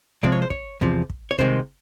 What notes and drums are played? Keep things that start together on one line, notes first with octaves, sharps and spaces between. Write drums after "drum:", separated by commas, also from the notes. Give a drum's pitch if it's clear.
C3 F3 G#3 C4 D5, drum: kick
C#5
C5
C#5, drum: kick
E2 C3 F3, drum: kick
drum: kick
C#5
C2 C3 D#3 G#3 C5, drum: kick